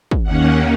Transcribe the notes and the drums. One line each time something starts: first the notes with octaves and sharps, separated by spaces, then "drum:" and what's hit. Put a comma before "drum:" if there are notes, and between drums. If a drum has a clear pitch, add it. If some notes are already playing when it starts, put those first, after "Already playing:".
drum: kick
D#2 D#3 A#3 C#4 F#5